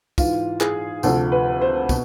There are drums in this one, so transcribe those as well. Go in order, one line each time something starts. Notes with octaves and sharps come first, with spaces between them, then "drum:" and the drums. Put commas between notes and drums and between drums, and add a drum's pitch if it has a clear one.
G#2 E3 F4, drum: kick, tambourine
G#4, drum: clap
D2 C3 F3 A4, drum: tambourine
B4
C5
B2, drum: kick, tambourine